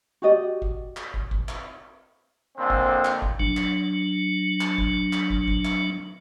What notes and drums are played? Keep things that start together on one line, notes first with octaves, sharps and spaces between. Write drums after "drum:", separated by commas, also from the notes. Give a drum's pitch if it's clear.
F#4 G4 D5 D#5
drum: kick
drum: clap
drum: kick
drum: kick
drum: clap
F2 A#2 D3 C4
drum: kick
drum: clap
drum: kick
F#3 D4, drum: kick
drum: clap
drum: clap
drum: kick
drum: clap
drum: kick
drum: kick
drum: clap